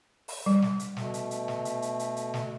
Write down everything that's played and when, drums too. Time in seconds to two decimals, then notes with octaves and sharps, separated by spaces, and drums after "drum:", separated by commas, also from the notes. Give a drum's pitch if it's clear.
0.28 drum: open hi-hat
0.46 G3
0.62 drum: snare
0.79 drum: hi-hat
0.97 B2 A3, drum: snare
1.14 drum: hi-hat
1.31 drum: hi-hat
1.48 drum: snare
1.65 drum: hi-hat
1.82 drum: hi-hat
1.99 drum: hi-hat
2.16 drum: hi-hat
2.34 drum: snare